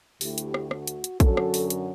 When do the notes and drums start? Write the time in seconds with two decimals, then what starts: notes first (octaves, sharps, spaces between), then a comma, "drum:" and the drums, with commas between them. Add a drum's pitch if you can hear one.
0.21 D2 D3 A3 E4 G4, drum: open hi-hat
0.38 drum: hi-hat
0.54 drum: rim click
0.71 F#4, drum: rim click
0.87 drum: hi-hat
1.04 drum: hi-hat
1.20 F#2 D3 F#3 F#4 A4, drum: kick, hi-hat
1.37 drum: rim click
1.54 drum: open hi-hat
1.70 drum: hi-hat